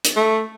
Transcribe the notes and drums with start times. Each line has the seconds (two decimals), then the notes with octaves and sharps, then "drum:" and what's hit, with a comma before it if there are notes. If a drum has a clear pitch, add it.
0.05 drum: hi-hat
0.16 A3